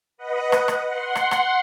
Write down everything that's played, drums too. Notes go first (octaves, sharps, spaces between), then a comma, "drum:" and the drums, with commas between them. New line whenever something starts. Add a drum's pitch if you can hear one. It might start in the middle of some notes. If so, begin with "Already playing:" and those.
B4 D#5 F#5
drum: rim click
drum: rim click
F#5 C6
drum: rim click
drum: rim click